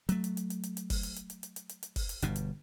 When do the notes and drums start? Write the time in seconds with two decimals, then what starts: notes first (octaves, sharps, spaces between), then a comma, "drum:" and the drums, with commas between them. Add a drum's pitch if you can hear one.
0.09 F#3 A3, drum: hi-hat
0.24 drum: hi-hat
0.37 drum: hi-hat
0.50 drum: hi-hat
0.63 drum: hi-hat
0.77 drum: hi-hat
0.90 drum: kick F#1, open hi-hat
1.03 drum: hi-hat
1.16 drum: hi-hat
1.30 drum: hi-hat
1.43 drum: hi-hat
1.56 drum: hi-hat
1.69 drum: hi-hat
1.83 drum: hi-hat
1.96 drum: kick F#1, open hi-hat
2.09 drum: hi-hat
2.22 G1 G2 B2, drum: hi-hat
2.36 drum: hi-hat